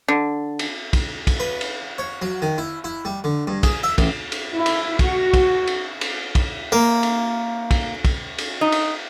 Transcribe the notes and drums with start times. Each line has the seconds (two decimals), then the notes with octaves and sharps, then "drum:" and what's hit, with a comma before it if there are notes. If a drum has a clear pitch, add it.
0.08 D3
0.59 drum: cymbal
0.93 drum: kick, cymbal
1.27 drum: kick, cymbal
1.40 B4
1.61 drum: cymbal
1.98 C#5
2.22 F#3
2.42 D#3
2.58 E4
2.84 E4
3.05 G3
3.24 D3
3.47 G2
3.63 G#4, drum: kick, cymbal
3.83 E5
3.98 A1, drum: kick, cymbal
4.32 drum: cymbal
4.52 E4
4.66 drum: cymbal
4.99 F#4, drum: kick, cymbal
5.34 drum: kick, cymbal
5.67 drum: cymbal
6.01 drum: cymbal
6.35 drum: kick, cymbal
6.72 A#3
7.03 drum: cymbal
7.71 drum: kick, cymbal
8.05 drum: kick, cymbal
8.38 drum: cymbal
8.61 D#4
8.72 drum: cymbal